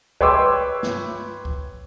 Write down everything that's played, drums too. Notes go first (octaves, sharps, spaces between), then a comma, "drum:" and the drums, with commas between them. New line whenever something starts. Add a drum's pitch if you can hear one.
B4 C#5 G5 C6 D6 E6, drum: kick C#2
drum: snare
drum: kick C#2